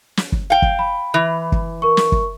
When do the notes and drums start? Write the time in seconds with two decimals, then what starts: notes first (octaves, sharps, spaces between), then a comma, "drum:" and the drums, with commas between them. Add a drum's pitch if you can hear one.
0.17 drum: snare
0.32 drum: kick
0.50 F5 G5
0.62 drum: kick
0.79 B5
1.14 E3
1.52 drum: kick
1.82 A#4 C#6
1.97 drum: snare
2.12 drum: kick